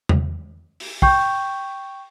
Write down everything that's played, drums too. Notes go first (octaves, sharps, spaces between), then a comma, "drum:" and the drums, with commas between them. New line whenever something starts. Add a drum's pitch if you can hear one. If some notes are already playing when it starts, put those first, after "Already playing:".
drum: tom E2
drum: open hi-hat
G5 C#6 G6, drum: kick